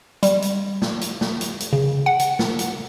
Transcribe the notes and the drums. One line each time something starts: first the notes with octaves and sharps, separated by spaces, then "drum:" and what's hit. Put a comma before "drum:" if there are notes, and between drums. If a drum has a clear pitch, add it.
G3, drum: hi-hat
drum: hi-hat
drum: snare
drum: hi-hat
drum: snare
drum: hi-hat
drum: hi-hat
C#3
F#5
drum: hi-hat
drum: snare
drum: hi-hat